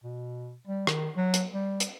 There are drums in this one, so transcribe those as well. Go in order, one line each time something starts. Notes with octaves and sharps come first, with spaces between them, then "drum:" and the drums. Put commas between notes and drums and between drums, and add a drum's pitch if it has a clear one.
B2
G3
D#3, drum: rim click
F#3
drum: hi-hat
G3
drum: hi-hat